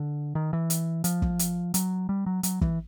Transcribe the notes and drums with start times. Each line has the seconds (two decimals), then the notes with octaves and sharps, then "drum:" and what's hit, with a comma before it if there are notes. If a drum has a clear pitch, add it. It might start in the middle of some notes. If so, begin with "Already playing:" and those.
Already playing: D3
0.35 D#3
0.53 E3
0.70 drum: hi-hat
1.04 F3, drum: hi-hat
1.22 drum: kick
1.39 drum: hi-hat
1.74 F#3, drum: hi-hat
2.09 G3
2.26 F#3
2.43 F#3, drum: hi-hat
2.61 E3, drum: kick